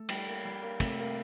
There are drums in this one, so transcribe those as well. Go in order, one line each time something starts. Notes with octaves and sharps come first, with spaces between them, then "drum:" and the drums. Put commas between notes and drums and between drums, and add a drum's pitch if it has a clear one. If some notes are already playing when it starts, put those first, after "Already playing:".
Already playing: A3 A4
G3, drum: cymbal
A#3
G3
A#3
C3 A3, drum: kick, cymbal
A#3